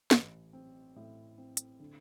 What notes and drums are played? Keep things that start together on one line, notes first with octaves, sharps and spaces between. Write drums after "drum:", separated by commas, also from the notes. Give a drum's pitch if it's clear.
A1, drum: snare
C4
A2
C4
drum: hi-hat
D3